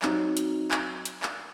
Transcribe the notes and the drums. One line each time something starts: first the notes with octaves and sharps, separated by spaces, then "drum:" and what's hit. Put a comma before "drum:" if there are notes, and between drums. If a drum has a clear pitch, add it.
F#3 C4 D#4 F#4, drum: clap
drum: hi-hat
drum: clap
drum: hi-hat
drum: clap